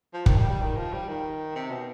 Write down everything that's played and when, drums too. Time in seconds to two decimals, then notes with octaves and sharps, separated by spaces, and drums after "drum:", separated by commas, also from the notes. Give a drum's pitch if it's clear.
0.14 F3
0.26 D#3, drum: kick
0.37 G3
0.49 G3
0.61 D#3
0.77 F3
0.93 G3
1.08 D#3
1.55 C3
1.70 B2